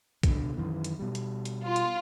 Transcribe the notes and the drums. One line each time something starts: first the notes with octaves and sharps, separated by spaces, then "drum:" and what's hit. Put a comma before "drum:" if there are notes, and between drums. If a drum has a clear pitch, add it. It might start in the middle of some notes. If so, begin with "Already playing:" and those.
C#2 B2 D3, drum: kick, hi-hat
F#2 D#3 E3
drum: hi-hat
B2 G3
drum: hi-hat
drum: hi-hat
F4
drum: hi-hat